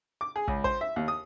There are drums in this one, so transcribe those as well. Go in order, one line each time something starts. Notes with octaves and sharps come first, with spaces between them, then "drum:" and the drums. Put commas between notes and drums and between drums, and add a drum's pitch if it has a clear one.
D6
G#4
C#2, drum: kick
C5, drum: kick
E5
D#2
D#6